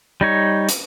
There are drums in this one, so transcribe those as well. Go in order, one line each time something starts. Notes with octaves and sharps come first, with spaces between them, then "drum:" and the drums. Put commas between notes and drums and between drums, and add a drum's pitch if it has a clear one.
G3 D#4 C#5
drum: hi-hat